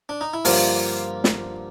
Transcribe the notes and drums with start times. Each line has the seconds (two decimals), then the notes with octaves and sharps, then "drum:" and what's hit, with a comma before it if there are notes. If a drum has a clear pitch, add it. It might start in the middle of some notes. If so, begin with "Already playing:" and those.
0.09 D4
0.21 D#4
0.34 E4
0.45 G2 D3 F3 A#3 F4, drum: open hi-hat
1.24 drum: snare